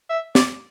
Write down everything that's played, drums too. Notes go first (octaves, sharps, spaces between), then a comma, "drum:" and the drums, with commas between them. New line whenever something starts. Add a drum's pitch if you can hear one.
E5
D5, drum: snare